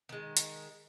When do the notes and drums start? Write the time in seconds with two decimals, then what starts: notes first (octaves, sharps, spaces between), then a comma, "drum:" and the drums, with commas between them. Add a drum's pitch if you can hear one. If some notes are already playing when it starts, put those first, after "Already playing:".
0.09 D#3 G#3
0.37 drum: hi-hat